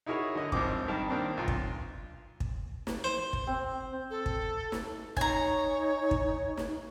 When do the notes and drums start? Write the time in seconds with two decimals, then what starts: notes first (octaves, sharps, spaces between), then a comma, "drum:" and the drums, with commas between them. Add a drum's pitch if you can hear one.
0.06 D#4 E4 F#4 G#4 A#4 C#5
0.35 D3 D#5
0.52 G#1 F3 C4 D6, drum: kick
0.88 G2 D#3 A5
1.10 D#3 A#3 C4 D4
1.37 B1 F4
1.48 drum: kick
2.40 drum: kick
2.87 drum: snare
3.04 C5
3.33 drum: kick
3.47 C4
4.10 A4
4.26 drum: kick
4.72 drum: snare
5.17 D#4 C#5 G#5 A#5, drum: kick
6.11 drum: kick
6.57 drum: snare